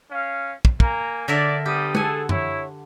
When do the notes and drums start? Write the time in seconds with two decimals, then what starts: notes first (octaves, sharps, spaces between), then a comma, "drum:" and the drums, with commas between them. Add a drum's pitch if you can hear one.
0.10 C#4 F5
0.65 drum: kick
0.80 A#3 G#5 A#5, drum: kick
1.28 D3 A#4 D5 E5
1.66 G3 B3 G4 D#6
1.95 G#4 A4 F#5 G#5, drum: tom G#3
2.29 E4 C#5, drum: tom F#2